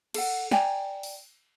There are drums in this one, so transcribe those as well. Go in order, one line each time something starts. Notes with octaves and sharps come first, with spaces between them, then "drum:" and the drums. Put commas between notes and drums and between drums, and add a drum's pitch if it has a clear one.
A4 F#5, drum: cymbal
D5 G5 G#5 A#5, drum: snare
drum: open hi-hat